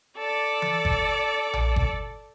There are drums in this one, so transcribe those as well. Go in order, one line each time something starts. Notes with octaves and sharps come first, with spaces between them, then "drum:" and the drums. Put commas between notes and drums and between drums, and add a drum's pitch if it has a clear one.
A4 D5
drum: tom E3
drum: kick G1
drum: tom A#1
drum: kick G1